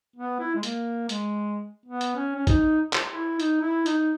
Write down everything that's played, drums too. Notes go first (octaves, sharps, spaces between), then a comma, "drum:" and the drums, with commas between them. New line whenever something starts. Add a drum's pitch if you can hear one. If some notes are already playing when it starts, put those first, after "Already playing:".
B3
E4
G#3
A#3, drum: hi-hat
G#3, drum: hi-hat
B3
drum: hi-hat
C#4
C#4
D#4, drum: kick, hi-hat
drum: clap
E4
D#4, drum: hi-hat
E4
D#4, drum: hi-hat